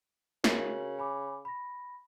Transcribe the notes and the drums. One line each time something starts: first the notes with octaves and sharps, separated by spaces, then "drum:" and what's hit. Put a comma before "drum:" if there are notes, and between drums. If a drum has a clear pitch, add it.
C#3 F#4 A#4 F#7, drum: snare
G#5 B5 D6
B5 A#6